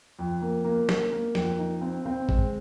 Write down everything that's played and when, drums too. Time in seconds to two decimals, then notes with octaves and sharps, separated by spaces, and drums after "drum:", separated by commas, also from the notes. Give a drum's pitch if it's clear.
0.19 F2
0.42 A#3
0.65 A#3
0.89 A#3, drum: snare
1.12 A#3
1.35 F2, drum: snare
1.59 D#4
1.82 C4
2.06 C4
2.29 G#3, drum: kick A1